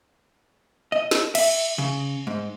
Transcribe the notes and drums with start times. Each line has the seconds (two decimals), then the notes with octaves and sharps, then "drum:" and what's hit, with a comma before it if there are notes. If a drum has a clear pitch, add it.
0.92 D#5
1.11 drum: snare
1.35 E5, drum: cymbal
1.78 C#3
2.27 G#2